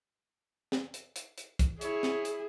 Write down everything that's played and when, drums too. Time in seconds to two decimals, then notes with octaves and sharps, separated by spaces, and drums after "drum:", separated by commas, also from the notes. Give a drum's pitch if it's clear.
0.72 drum: snare
0.94 drum: hi-hat
1.16 drum: hi-hat
1.38 drum: hi-hat
1.59 drum: kick, hi-hat
1.81 E4 G#4 C#5, drum: hi-hat
2.03 drum: snare
2.25 drum: hi-hat